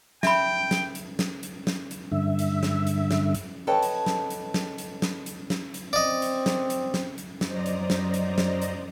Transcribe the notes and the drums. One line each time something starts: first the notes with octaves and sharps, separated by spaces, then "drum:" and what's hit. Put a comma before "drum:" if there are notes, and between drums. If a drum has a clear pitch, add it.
E5 G5 B5, drum: snare
drum: snare
drum: hi-hat
drum: snare
drum: hi-hat
drum: snare
drum: hi-hat
G2 D3 E5
drum: hi-hat
drum: snare
drum: hi-hat
drum: snare
drum: hi-hat
A4 B4 C#5 D#5 G5 A5
drum: hi-hat
drum: snare
drum: hi-hat
drum: snare
drum: hi-hat
drum: snare
drum: hi-hat
drum: snare
drum: hi-hat
C4 D5 D#5
drum: hi-hat
drum: snare
drum: hi-hat
drum: snare
drum: hi-hat
F#2 F#3 C5 D5 D#5 A#5, drum: snare
drum: hi-hat
drum: snare
drum: hi-hat
drum: snare
drum: hi-hat